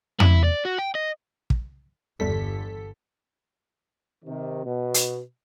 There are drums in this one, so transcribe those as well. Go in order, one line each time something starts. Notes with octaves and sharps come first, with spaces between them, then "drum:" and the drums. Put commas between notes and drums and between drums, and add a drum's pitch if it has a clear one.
E4, drum: tom
D5
F#4
G5
D#5
drum: kick
G1 E2 D3 G3 A4 B6
C3 D#3
B2
drum: hi-hat